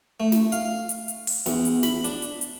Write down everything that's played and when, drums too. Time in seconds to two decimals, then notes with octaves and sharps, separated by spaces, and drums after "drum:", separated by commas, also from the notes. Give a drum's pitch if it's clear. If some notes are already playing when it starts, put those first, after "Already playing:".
0.20 A3
0.32 drum: snare
0.52 F5, drum: hi-hat
0.89 drum: hi-hat
1.08 drum: hi-hat
1.27 drum: open hi-hat
1.46 E2, drum: snare
1.65 drum: hi-hat
1.83 B5, drum: snare
2.04 D4, drum: hi-hat
2.22 drum: hi-hat
2.41 drum: hi-hat